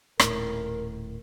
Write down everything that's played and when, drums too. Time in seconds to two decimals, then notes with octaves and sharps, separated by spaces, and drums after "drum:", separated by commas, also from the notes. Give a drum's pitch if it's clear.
0.20 D#1 A2 A#4, drum: rim click